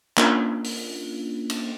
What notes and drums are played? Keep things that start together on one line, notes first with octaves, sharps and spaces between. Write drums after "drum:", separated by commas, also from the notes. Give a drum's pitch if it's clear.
A#3 C#4 D4 F4, drum: clap
drum: open hi-hat
drum: cymbal